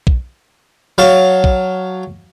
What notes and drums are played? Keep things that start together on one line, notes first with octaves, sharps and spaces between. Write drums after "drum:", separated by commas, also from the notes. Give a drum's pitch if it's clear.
drum: kick B1
F#3 F5 A5
drum: kick B1